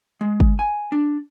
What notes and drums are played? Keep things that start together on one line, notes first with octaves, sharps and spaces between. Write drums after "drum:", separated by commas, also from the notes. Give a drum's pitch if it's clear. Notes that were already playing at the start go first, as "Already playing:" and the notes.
G#3
drum: kick
G#5
D4